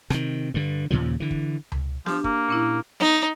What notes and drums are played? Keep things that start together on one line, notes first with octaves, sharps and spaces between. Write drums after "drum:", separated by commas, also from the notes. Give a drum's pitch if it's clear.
C3 D#3, drum: rim click
G2 D3
D#2 A#2 C#3 F3
D3 E3
drum: kick
drum: tom C#2
F3 D4 G4, drum: snare B3
A#3, drum: kick
A#2 C#4 E4
D#4, drum: snare B3